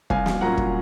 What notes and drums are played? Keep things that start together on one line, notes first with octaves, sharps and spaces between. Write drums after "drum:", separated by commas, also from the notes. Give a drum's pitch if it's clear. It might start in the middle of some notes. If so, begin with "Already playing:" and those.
C2 F5 G#5, drum: kick
drum: snare
A#2 F#3 A#3 C#4 F#5 A#5
drum: kick